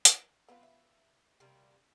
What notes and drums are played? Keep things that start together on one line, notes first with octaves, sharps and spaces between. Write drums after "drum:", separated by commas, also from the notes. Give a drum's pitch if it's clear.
drum: hi-hat
B3 C4 F4 B4
E5
C3 G3 A#3